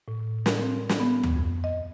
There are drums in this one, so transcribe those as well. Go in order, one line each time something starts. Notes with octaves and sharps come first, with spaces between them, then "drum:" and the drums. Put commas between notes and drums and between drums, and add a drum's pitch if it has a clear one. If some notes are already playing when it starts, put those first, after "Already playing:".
A2
A#4, drum: snare
C4
drum: snare
B3
drum: tom D2
F2
D#5